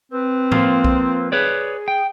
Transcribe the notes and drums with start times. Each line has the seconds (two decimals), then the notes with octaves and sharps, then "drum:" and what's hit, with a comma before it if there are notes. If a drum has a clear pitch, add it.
0.12 C4 B4
0.52 F3 A#3 F4, drum: tom A2
0.84 drum: kick
1.32 G#4 B4 C#5 D5
1.88 G5